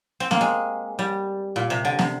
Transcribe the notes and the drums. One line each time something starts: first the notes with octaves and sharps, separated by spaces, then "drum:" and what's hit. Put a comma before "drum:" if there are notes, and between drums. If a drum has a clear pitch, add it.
C4
A#3, drum: snare
G#3
G3
A#2
C3
D3
C3, drum: snare